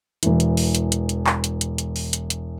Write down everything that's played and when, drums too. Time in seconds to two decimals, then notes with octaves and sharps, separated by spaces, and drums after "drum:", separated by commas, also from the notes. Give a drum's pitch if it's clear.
0.23 E1 E3, drum: hi-hat
0.40 drum: hi-hat
0.57 drum: open hi-hat
0.75 drum: hi-hat
0.92 drum: hi-hat
1.09 drum: hi-hat
1.27 drum: clap
1.44 drum: hi-hat
1.61 drum: hi-hat
1.78 drum: hi-hat
1.96 drum: open hi-hat
2.13 drum: hi-hat
2.30 drum: hi-hat